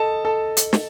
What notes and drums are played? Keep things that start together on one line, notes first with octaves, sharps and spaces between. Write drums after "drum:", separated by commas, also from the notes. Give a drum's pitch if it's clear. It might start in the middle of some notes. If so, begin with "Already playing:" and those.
Already playing: A4 D#5 A5
A4 A5
drum: hi-hat
drum: snare